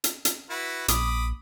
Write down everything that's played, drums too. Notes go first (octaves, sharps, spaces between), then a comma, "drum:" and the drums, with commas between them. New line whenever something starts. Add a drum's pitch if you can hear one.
drum: hi-hat
drum: hi-hat
E4 F#4 B4
A#1 B5 D6 D#6, drum: hi-hat